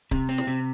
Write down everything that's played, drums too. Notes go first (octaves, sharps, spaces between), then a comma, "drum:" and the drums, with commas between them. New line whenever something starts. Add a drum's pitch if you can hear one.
C3, drum: kick C#1
C4
drum: snare
C3